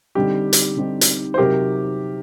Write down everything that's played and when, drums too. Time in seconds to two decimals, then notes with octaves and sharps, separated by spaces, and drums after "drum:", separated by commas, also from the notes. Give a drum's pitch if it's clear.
0.15 D3 G3 C4 D#4 G4
0.53 drum: hi-hat
0.77 D3 G3 C4 D#4
1.01 drum: hi-hat
1.34 C5
1.38 C3 F#3 C4 D#4 G4 A#4